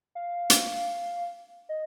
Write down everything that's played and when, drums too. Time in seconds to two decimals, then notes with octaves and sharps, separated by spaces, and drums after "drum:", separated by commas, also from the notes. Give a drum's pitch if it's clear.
0.15 F5
0.50 drum: hi-hat
1.69 D#5